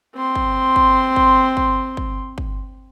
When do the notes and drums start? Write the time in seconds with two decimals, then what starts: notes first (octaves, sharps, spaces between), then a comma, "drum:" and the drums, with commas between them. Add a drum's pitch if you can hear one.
0.15 C4 C6
0.35 drum: kick
0.76 drum: kick
1.16 drum: kick
1.57 drum: kick
1.97 drum: kick
2.38 drum: kick